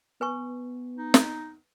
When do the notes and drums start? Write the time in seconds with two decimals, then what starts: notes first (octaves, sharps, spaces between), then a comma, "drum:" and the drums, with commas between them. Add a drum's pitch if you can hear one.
0.21 B3 B4 G#5 C#6
0.97 D#4
1.14 drum: snare